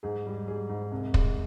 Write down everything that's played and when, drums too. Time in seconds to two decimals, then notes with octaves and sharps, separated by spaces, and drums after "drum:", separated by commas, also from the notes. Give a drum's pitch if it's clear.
0.03 G#2 G#4
0.26 G3
0.48 G3 G#4
0.69 G#2
0.92 C2
1.14 G#3, drum: kick